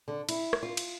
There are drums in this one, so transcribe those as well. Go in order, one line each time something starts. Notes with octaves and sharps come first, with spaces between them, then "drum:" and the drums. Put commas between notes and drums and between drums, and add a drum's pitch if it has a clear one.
D3
E4, drum: cymbal
drum: rim click
F4
drum: cymbal